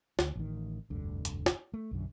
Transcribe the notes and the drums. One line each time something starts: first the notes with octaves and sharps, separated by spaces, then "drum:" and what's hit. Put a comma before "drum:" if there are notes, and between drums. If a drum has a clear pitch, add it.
D2, drum: snare
A1 D#3
F1 D2 G2 D3
drum: hi-hat
drum: snare
A3
B1 F#2 D3